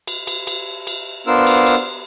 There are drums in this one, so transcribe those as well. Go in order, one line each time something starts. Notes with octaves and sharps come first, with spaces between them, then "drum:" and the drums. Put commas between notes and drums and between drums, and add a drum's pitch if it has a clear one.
drum: cymbal
drum: cymbal
drum: cymbal
drum: cymbal
B3 D4 F4 A#4 C5 E6
drum: cymbal
drum: cymbal